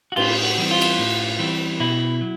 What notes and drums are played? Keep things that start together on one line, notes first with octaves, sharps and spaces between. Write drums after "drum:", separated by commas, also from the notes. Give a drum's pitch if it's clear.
F#4
A2 F4, drum: cymbal
F#4
E3 G3 C4
F4
drum: cymbal
A2
E3 G3 C4
B2 E4
F#3